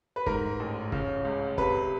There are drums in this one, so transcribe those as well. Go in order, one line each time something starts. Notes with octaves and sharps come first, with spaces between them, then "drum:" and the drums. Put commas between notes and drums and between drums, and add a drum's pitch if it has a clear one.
B4
G#2 A#4, drum: kick
A1
C#3, drum: kick
C#2
C3 B4, drum: kick